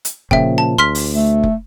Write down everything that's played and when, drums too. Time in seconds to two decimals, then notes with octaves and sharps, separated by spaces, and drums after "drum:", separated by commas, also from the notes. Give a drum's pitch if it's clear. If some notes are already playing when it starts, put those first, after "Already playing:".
0.05 drum: hi-hat
0.31 A#2 C#3 F3 E5 G5, drum: kick F1
0.58 A5
0.78 D2 C6 F6 B6
0.95 drum: open hi-hat
1.12 A3
1.43 drum: kick F1